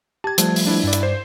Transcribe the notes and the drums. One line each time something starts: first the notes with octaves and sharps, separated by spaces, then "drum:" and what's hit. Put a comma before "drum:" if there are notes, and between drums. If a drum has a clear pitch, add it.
G4 A5 G#6
F3 G3 A3, drum: hi-hat
drum: open hi-hat
D4 E4
G2 D5
drum: hi-hat
C5